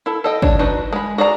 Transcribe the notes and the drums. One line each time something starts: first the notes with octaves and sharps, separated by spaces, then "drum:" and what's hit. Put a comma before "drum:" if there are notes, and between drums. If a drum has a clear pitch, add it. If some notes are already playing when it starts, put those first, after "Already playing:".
E4 A4
A4 D#5 G5
D4 C#5, drum: kick
D4 D#4 F#4 B4
G#3 B5
F#4 G#4 D5 A#5